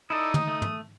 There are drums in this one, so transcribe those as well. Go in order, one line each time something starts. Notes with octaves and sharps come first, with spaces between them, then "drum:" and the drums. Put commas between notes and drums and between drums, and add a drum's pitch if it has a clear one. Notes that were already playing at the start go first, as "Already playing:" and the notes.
D#4 E4 A4 D5 D#6
drum: tom
A3
drum: tom